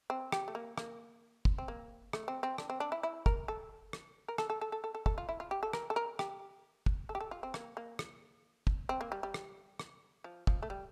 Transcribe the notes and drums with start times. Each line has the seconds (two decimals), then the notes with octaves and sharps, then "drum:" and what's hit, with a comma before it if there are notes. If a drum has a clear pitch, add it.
0.10 C4
0.32 G4, drum: rim click
0.48 A3
0.55 A#3
0.78 A#3, drum: rim click
1.45 drum: kick
1.58 C4
1.68 A#3
2.13 A3, drum: rim click
2.28 C4
2.43 C4
2.58 D4, drum: rim click
2.70 C4
2.80 D4
2.92 E4
3.03 E4
3.26 A#4, drum: kick
3.48 A4
3.93 drum: rim click
4.28 A#4
4.38 A4, drum: rim click
4.50 A4
4.61 A4
4.72 A4
4.84 A4
4.95 A4
5.06 A4, drum: kick
5.18 F4
5.29 E4
5.40 F4
5.51 G4
5.63 A4
5.73 A#4, drum: rim click
5.90 A4
5.96 A#4
6.19 G4, drum: rim click
6.86 drum: kick
7.09 A4
7.15 G4
7.20 A4
7.31 F4
7.43 C4
7.54 A#3, drum: rim click
7.77 A#3
7.99 drum: rim click
8.67 drum: kick
8.89 C4
9.01 A#3
9.12 G3
9.23 G3
9.34 drum: rim click
9.79 drum: rim click
10.24 F3
10.47 F3, drum: kick
10.62 A3
10.70 G3